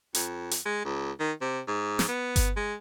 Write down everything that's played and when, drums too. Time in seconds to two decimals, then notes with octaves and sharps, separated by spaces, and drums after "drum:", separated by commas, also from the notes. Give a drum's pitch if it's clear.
0.15 F2, drum: hi-hat
0.51 drum: hi-hat
0.65 G#3
0.85 C#2
1.20 D#3
1.41 C3
1.68 G#2
1.99 drum: snare
2.08 B3
2.36 drum: kick G1, hi-hat
2.56 G#3